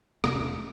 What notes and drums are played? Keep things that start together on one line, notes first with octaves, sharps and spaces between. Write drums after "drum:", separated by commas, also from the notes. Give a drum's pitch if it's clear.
E2 C3 A#3, drum: rim click
C#4
A3